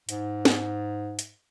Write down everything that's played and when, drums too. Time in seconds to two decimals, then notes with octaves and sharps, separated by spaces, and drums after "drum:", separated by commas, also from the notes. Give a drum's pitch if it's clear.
0.09 G#2, drum: hi-hat
0.45 drum: snare
1.19 drum: hi-hat